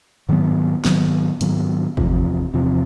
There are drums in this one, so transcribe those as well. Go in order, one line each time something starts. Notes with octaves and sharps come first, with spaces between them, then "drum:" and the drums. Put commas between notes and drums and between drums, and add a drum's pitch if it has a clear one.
G#2 D#3 F#3 B3
G#2 D#3 F#3 B3, drum: snare
G#2 D#3 F#3 B3, drum: hi-hat
E2 C3 F3, drum: kick G1
E2 C3 F3